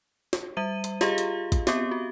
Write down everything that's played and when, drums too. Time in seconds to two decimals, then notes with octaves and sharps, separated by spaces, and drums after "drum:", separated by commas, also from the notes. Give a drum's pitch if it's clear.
0.33 drum: snare
0.57 G3 E5 D#7
0.84 drum: hi-hat
1.01 F4 G4 G#4 D#5 F5, drum: snare
1.18 drum: hi-hat
1.52 drum: kick, hi-hat
1.67 B3 C4 G4, drum: snare
1.91 F#4